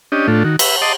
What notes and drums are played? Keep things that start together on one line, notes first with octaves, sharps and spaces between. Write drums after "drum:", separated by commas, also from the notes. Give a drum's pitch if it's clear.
C#4 D4 G4 D#5
A2 A3 D4 F4
D#3 F#4
B4 E5, drum: cymbal
D#5 A5 C6 D6